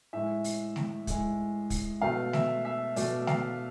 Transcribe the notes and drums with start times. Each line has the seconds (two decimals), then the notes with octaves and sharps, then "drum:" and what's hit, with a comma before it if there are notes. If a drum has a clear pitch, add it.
0.13 A2 G#3 E5
0.44 drum: open hi-hat
0.76 drum: snare A3
1.07 A2 G#3, drum: kick, hi-hat
1.70 drum: kick, open hi-hat
2.02 B2 A3 F5
2.33 E5, drum: snare A3
2.65 E5
2.96 B2 A3 D5, drum: open hi-hat
3.27 F5, drum: snare A3